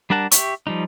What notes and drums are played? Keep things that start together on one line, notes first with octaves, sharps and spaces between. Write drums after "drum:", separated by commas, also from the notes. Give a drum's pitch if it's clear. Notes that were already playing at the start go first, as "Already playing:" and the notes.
G3 D4 A#4 F#5 A5
G4 E5 C#6, drum: hi-hat
F3 G3 D#4